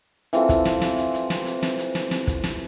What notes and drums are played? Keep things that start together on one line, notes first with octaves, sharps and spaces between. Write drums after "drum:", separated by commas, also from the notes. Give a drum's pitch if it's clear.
E3 C4 F4 A4, drum: hi-hat
drum: kick, hi-hat
drum: snare
drum: snare
drum: hi-hat
drum: hi-hat
drum: snare
drum: hi-hat
drum: snare
drum: hi-hat
drum: snare
drum: snare
drum: kick, hi-hat
drum: snare